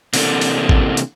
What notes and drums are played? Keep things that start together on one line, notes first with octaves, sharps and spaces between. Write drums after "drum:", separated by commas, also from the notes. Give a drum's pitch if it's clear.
C3 E3 A#3 D4 A4, drum: open hi-hat
drum: open hi-hat
drum: kick
drum: hi-hat